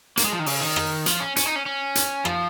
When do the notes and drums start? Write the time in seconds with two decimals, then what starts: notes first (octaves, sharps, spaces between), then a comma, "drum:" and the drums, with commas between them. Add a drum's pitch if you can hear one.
0.17 A#3, drum: hi-hat
0.24 G#3
0.32 F3
0.39 D#3
0.46 C#3, drum: open hi-hat
0.61 D#3
0.76 drum: rim click
1.06 F3, drum: hi-hat
1.20 C#4
1.36 C#4, drum: hi-hat
1.46 D#4
1.56 C#4
1.66 C#4
1.95 drum: hi-hat
2.25 F3, drum: rim click